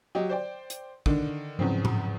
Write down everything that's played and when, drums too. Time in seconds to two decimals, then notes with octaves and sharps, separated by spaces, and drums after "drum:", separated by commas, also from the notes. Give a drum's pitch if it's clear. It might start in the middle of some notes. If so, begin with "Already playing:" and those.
0.15 F#3 G4 D#5
0.30 C5 D5 G5
0.70 drum: hi-hat
1.06 D3 D#3 D4, drum: kick
1.59 E2 G#2 C#3 F3 F#3 C4
1.85 drum: tom A2